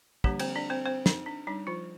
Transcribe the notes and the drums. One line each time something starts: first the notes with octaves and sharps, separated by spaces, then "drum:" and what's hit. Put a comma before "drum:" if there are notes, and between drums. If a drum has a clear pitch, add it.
D3 F3 G3 A#3 D4 G4, drum: kick
C4 C5, drum: cymbal
D4 D5
C4 C5
C4 C5
D#4, drum: snare
D4
G3 D4 D#4
F3 F4